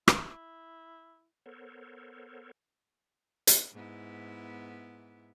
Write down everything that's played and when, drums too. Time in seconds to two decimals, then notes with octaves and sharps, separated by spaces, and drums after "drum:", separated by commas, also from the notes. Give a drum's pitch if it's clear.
0.08 E4, drum: rim click
1.46 B3 A4 A#4 C5 C#5
3.47 drum: hi-hat
3.73 G#2 B3 E4